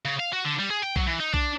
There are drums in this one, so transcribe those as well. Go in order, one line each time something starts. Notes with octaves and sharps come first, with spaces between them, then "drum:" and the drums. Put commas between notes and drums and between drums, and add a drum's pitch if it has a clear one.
C#3
F5
F#4
D3
G3
G#4
G5
F#3, drum: kick B1
E3
D#4
D4, drum: kick B1